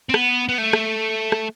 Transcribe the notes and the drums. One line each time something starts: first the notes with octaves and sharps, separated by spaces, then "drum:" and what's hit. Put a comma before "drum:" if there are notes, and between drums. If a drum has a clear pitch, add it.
C4
B3, drum: rim click
B3
A3
drum: rim click
drum: rim click